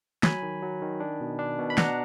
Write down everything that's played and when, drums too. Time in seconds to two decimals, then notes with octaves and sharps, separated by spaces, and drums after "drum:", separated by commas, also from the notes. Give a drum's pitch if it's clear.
0.23 F#3 G#5 B5, drum: snare
0.43 D#3
0.62 F#3
0.82 D#3
1.00 D4
1.21 B2
1.39 D4
1.58 B2
1.70 B5
1.78 D4 F#5 A#5, drum: snare